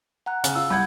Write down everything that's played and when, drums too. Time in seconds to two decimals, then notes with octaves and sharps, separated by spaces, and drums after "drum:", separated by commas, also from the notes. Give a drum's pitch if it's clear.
0.26 F#5 A#5 F#6
0.44 C#3, drum: hi-hat
0.55 F4 E6
0.70 C2 F#5 B5 G6 G#6